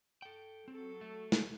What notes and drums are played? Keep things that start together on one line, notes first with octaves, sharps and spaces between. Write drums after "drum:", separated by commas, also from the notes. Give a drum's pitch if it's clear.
A4 G5
F#3 C4 A4
A3
drum: snare